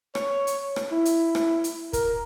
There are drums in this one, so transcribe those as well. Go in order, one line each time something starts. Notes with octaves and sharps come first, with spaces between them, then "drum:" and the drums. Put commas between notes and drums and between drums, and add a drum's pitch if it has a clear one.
C#5, drum: rim click
drum: hi-hat
drum: rim click
E4
drum: hi-hat
drum: rim click
drum: hi-hat
A#4, drum: kick, hi-hat